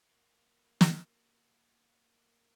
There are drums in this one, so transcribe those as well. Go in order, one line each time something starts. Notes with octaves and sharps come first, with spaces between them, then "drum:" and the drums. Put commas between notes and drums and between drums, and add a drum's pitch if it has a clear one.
A#3 F#4
drum: snare